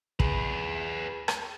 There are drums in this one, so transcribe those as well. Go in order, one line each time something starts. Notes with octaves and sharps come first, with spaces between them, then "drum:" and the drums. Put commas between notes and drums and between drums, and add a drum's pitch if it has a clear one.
G#4 B4, drum: kick
drum: rim click